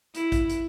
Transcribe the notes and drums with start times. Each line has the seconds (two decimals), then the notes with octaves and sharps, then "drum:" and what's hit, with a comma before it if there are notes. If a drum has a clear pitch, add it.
0.15 E4, drum: hi-hat
0.32 drum: kick, hi-hat
0.49 drum: hi-hat